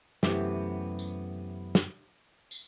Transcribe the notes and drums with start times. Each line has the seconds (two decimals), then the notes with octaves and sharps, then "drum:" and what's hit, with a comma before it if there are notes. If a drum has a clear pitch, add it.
0.23 F#2 C3 E3 A3 B3 G4, drum: snare
0.99 drum: tambourine
1.75 drum: snare
2.51 drum: tambourine